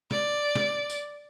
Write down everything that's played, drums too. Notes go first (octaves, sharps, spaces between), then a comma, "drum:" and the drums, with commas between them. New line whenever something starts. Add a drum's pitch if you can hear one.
D5, drum: snare
drum: snare
drum: tambourine